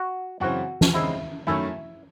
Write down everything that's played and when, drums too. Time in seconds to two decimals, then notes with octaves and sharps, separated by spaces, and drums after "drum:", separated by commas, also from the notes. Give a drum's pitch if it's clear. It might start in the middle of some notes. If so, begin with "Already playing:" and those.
Already playing: F#4
0.40 F#2 C#3 E3 C4 F#4
0.81 drum: snare
0.93 C#3 G#3 C4 D#4 E4
1.47 F#2 D#3 A3 C#4 E4